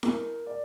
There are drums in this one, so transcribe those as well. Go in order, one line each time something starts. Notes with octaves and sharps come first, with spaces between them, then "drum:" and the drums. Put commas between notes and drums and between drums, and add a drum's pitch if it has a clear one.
A#4, drum: snare E4
D5